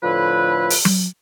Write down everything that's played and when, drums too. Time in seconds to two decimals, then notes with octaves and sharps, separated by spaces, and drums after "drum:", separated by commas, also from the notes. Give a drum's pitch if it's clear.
0.03 A2 D3 F3 E4 B4
0.70 drum: open hi-hat
0.85 drum: tom F#3